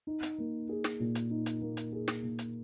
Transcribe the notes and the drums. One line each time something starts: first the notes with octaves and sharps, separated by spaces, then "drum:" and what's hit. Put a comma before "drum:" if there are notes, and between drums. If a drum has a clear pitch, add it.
D#4
drum: hi-hat
A#3
G#4
drum: snare
A#2
drum: hi-hat
D#4
drum: hi-hat
A#3
drum: hi-hat
G#4
drum: snare
A#2
drum: hi-hat